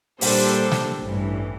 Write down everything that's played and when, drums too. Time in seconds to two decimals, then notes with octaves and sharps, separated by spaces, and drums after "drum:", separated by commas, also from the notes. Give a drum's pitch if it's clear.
0.21 A#2 G3 D4 A4 C5, drum: open hi-hat
0.71 drum: snare
1.01 A1 G2 E3